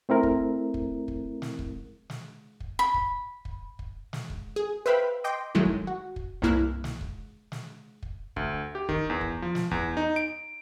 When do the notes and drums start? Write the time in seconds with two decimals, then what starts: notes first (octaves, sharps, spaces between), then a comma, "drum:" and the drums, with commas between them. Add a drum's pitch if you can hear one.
0.09 A3 C4 E4 A#4
0.23 drum: kick
0.74 drum: kick
1.08 drum: kick
1.42 drum: snare
1.59 drum: kick
2.10 drum: snare
2.60 drum: kick
2.79 B5
2.94 drum: kick
3.45 drum: kick
3.79 drum: kick
4.13 drum: snare
4.30 drum: kick
4.56 G#4
4.86 B4 C5 E5 F5 G5 B5
5.24 D#5 G5 C6 D6
5.55 D#3 F#3 G#3 A3 E4
5.65 drum: kick
5.87 F#4
6.16 drum: kick
6.42 C2 G2 A#3 E4 F6 F#6
6.84 drum: snare
7.01 drum: kick
7.52 drum: snare
8.03 drum: kick
8.36 D2, drum: kick
8.75 G4
8.89 D#3, drum: kick
9.10 E2
9.21 drum: kick
9.42 F3
9.55 drum: snare
9.71 E2, drum: kick
9.97 D#4
10.16 D7